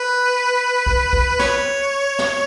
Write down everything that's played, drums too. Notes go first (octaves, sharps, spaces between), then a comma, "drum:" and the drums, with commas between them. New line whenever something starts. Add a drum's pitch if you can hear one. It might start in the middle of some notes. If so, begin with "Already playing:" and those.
Already playing: B4
drum: kick
drum: kick
C#5, drum: snare
drum: snare